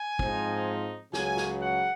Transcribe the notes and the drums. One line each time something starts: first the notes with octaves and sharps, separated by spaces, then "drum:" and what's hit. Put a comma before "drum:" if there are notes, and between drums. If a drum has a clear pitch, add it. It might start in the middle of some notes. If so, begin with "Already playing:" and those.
Already playing: G#5
G#2 F3 C4 D#4, drum: kick
C#2 C#3 F#3 G#5, drum: snare
drum: snare
F#5